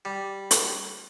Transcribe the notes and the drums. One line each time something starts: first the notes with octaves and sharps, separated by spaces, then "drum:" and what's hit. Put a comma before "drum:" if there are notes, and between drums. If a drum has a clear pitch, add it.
G3
drum: hi-hat